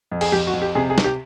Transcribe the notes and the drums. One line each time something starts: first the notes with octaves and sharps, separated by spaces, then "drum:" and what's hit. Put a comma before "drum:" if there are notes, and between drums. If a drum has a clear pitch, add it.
F2
G#4, drum: cymbal
F2 G4
F#4
F2
G4
C3 G#4
G#4
C3, drum: snare
G4